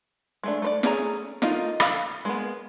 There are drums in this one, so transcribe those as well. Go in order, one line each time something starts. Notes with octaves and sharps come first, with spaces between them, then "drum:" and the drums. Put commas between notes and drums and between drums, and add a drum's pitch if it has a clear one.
G#3 A3 D4
A3 C5 D5
A3 C#4 G#4 A#5, drum: snare
A3 A#3 D#4 F4, drum: snare
F5 B5, drum: rim click
G#3 A#3 B3